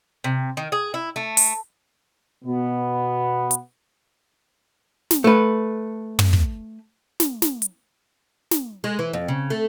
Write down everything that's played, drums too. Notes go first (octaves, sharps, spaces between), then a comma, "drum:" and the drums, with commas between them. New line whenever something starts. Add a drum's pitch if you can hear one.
C3
D#3
G#4
E4
A3
drum: open hi-hat
B2 B3
drum: hi-hat
drum: snare
A3 B4
drum: tom
drum: kick
drum: snare
drum: snare
drum: hi-hat
drum: snare
G#3
E3
F2
C#3
A3